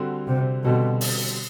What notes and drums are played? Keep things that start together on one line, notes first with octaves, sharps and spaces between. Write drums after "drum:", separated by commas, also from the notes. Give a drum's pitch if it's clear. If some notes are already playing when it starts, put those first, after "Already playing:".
Already playing: D3 G3 C4 F#4 A4
C3
B2 D3 G3 C4 F#4 A4
drum: open hi-hat